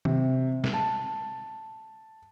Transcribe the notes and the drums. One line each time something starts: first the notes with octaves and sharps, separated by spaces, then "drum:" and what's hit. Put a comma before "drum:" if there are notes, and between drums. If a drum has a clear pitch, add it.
C3, drum: tom D#3
drum: snare
A5